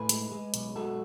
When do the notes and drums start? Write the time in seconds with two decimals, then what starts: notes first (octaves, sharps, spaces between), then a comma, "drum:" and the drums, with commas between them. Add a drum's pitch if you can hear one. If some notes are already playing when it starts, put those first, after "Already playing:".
Already playing: A2 G#4 B4
0.09 G#3, drum: hi-hat
0.32 G#3
0.54 B1, drum: hi-hat
0.76 G#3 F#4 A4